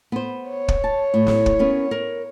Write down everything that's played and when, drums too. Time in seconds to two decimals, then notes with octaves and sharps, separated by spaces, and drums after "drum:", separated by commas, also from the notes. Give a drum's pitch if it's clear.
0.12 B3 C5
0.49 C#5
0.68 drum: kick
0.84 A5
1.14 A2
1.27 drum: snare
1.46 drum: kick
1.59 B3 C#4 A#4
1.91 A#4